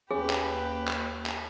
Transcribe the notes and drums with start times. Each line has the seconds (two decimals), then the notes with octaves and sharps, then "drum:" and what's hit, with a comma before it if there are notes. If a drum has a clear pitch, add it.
0.11 D#2 C#4 G4 G#4 B4
0.30 drum: clap
0.88 drum: clap
1.26 drum: clap